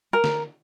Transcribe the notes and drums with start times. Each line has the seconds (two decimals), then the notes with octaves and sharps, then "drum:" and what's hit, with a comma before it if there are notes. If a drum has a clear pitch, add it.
0.13 A#4
0.24 drum: snare